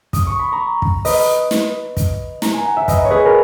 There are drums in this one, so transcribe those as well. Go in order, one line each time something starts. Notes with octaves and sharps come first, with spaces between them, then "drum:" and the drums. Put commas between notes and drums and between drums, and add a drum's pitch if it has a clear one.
D#6, drum: kick, hi-hat
C#6
B5
A#5 C#6
drum: kick
B4 D#5, drum: open hi-hat
drum: snare
drum: kick, hi-hat
A#5, drum: snare
G#5
F#5
E5
B4 D#5, drum: kick, hi-hat
C#5
G#4 B4
A#4